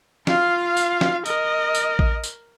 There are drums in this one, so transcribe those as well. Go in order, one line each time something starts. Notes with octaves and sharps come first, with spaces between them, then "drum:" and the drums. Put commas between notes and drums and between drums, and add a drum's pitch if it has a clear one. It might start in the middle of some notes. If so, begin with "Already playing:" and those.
F4 F5, drum: snare
drum: tambourine
drum: snare
A#4 D#5, drum: tambourine
drum: tambourine
drum: kick A1
drum: tambourine